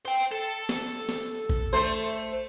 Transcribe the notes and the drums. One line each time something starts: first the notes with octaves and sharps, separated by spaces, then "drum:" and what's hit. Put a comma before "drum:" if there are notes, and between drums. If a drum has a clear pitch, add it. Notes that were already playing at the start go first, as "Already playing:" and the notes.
C5 G5
A4
drum: snare
drum: snare
drum: kick A1
A3 C5